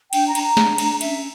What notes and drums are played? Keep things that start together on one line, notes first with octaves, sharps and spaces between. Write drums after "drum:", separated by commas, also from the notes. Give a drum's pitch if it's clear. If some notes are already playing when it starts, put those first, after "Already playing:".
D4 G5, drum: cymbal
A#5
D4, drum: cymbal
A#5
D4, drum: snare
D4, drum: cymbal
C#4 E5, drum: cymbal